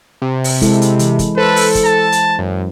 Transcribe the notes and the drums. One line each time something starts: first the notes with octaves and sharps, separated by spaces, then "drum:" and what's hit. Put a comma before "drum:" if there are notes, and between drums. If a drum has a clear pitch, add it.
C3
drum: open hi-hat
G#3 E4 A4, drum: kick, hi-hat
drum: hi-hat
E3, drum: hi-hat
drum: kick, hi-hat
A4 B4 C5
drum: open hi-hat
drum: kick, hi-hat
A5
drum: hi-hat
F#2